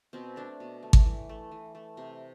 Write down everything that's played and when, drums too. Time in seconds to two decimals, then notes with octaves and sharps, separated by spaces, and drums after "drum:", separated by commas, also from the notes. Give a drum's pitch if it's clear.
0.13 B2 C4
0.36 A3 D4
0.60 B2
0.83 A3
0.93 drum: kick G#1
1.05 E3
1.29 A3
1.52 E3
1.75 A3
1.97 C3